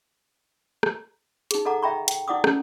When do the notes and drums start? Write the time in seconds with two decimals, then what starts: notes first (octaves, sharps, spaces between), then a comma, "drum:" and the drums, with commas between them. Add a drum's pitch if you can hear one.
0.83 drum: rim click
1.51 D#4 G#4, drum: hi-hat
1.65 A4 D#5 F#5 A#5 D6
1.82 D#5 E5 G5 A#5 B5 C#6
2.08 G5, drum: hi-hat
2.28 D#4 E4 D5 F#5 D6 D#6
2.44 C#4, drum: rim click